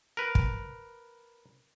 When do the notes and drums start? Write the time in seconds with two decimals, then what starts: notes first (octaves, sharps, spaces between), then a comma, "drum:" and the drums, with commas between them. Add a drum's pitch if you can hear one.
0.17 A#4 B4
0.35 drum: kick